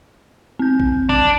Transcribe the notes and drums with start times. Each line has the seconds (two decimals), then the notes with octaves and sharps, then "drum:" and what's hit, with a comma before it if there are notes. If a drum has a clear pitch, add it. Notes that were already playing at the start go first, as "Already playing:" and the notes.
0.59 C4 G6
0.80 drum: kick A1
1.09 D4, drum: kick A1